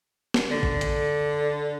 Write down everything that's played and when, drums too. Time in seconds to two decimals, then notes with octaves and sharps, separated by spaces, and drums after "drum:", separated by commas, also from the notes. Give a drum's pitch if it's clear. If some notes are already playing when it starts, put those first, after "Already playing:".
0.34 drum: snare
0.51 D3
0.63 drum: kick
0.81 drum: hi-hat